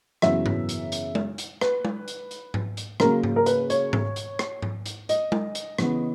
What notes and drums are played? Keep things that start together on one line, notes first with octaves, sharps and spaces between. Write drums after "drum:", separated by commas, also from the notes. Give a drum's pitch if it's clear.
F#2 C#3 E3 B3 E5, drum: rim click
drum: tom G#2
drum: hi-hat
drum: hi-hat
drum: tom G#3
drum: hi-hat
B4, drum: rim click
drum: tom G#3
drum: hi-hat
drum: hi-hat
drum: tom G#2
drum: hi-hat
C#3 F#3 A#3 A#4, drum: rim click
drum: tom G#2
A#4
B4, drum: hi-hat
C#5, drum: hi-hat
drum: tom G#2
drum: hi-hat
drum: rim click
drum: tom G#2
drum: hi-hat
D#5, drum: hi-hat
drum: tom G#3
drum: hi-hat
C#3 E3 B3, drum: rim click